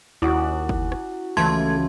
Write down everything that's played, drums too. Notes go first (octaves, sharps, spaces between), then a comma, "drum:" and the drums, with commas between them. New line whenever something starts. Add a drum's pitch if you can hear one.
D#2 C#4 E4 F#4 D6 D#6 F#6
drum: kick
drum: rim click
C#2 E3 A3 A5 C6 G#6